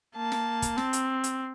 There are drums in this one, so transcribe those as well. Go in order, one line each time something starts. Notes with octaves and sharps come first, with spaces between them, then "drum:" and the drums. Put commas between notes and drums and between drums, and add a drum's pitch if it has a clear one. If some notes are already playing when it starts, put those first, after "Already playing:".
A#3 A5
drum: snare
drum: kick, hi-hat
C4, drum: snare
drum: hi-hat
drum: hi-hat